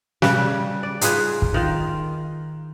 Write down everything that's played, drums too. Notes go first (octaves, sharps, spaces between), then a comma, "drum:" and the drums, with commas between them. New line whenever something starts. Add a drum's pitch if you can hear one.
C#3 G3 B4, drum: snare
D5
D#4 F4 G#4 B4, drum: hi-hat
drum: kick
D#3 F4